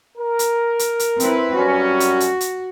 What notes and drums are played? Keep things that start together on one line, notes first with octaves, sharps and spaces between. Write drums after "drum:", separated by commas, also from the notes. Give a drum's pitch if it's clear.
A#4
drum: hi-hat
drum: hi-hat
drum: hi-hat
C4 E4 B4, drum: hi-hat
F#2 G3 C#4 F#4
drum: hi-hat
drum: hi-hat
drum: hi-hat